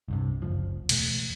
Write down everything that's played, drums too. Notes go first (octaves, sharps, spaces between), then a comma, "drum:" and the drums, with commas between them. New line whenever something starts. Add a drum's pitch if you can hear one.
C2 G2 C3
F#1 C#2 F3
E1 A3, drum: cymbal